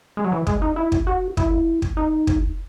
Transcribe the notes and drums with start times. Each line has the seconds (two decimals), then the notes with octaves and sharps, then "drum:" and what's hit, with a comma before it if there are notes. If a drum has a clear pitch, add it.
0.17 G#3
0.24 F#3
0.32 E3
0.47 G#3, drum: kick
0.62 D#4
0.76 E4
0.92 drum: kick
1.07 F#4
1.37 E4, drum: kick
1.82 drum: kick
1.97 D#4
2.27 drum: kick